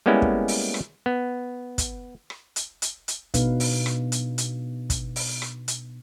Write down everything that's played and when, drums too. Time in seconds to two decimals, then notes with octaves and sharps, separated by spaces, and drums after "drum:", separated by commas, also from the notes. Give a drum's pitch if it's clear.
0.06 G3 G#3 A#3 B3 C#4 E4
0.22 drum: kick
0.48 drum: open hi-hat
0.74 drum: rim click
1.06 B3
1.78 drum: kick, hi-hat
2.30 drum: rim click
2.56 drum: hi-hat
2.82 drum: hi-hat
3.08 drum: hi-hat
3.34 B2 B3 D4 D#4 B4 F5, drum: kick, hi-hat
3.60 drum: open hi-hat
3.86 drum: rim click
4.12 drum: hi-hat
4.38 drum: hi-hat
4.90 drum: kick, hi-hat
5.16 drum: open hi-hat
5.42 drum: rim click
5.68 drum: hi-hat